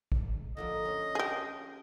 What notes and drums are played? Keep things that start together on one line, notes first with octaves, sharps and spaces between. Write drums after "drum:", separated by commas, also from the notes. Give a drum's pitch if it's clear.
drum: kick
D3 F3 A#3 D#5
C#4
G4 G#4